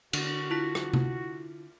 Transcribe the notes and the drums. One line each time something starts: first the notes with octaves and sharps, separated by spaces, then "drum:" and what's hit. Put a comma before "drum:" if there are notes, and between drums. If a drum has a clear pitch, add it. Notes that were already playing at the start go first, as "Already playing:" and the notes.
D3 F#4, drum: cymbal
E4 F4 B6
drum: rim click
drum: tom C3